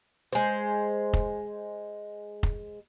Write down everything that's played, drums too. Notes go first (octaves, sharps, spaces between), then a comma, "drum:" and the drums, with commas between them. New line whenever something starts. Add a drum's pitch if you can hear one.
G#3 C5
drum: kick F1
drum: kick F1